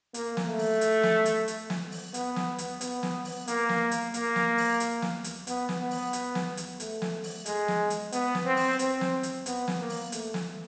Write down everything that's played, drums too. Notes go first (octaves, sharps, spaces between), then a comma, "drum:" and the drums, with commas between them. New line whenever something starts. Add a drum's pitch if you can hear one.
A#3, drum: hi-hat
drum: snare
A3
drum: open hi-hat
drum: hi-hat
drum: snare
drum: hi-hat
drum: hi-hat
drum: snare
drum: open hi-hat
B3, drum: hi-hat
drum: snare
drum: hi-hat
B3, drum: hi-hat
drum: snare
drum: open hi-hat
A#3, drum: hi-hat
drum: snare
drum: hi-hat
A#3, drum: hi-hat
drum: snare
drum: open hi-hat
drum: hi-hat
drum: snare
drum: hi-hat
B3, drum: hi-hat
drum: snare
B3
drum: open hi-hat
drum: hi-hat
drum: snare
drum: hi-hat
A3, drum: hi-hat
drum: snare
drum: open hi-hat
G#3, drum: hi-hat
drum: snare
drum: hi-hat
B3, drum: hi-hat
drum: snare
C4
drum: open hi-hat
C4, drum: hi-hat
drum: snare
drum: hi-hat
B3, drum: hi-hat
drum: snare
A#3
drum: open hi-hat
A3, drum: hi-hat
drum: snare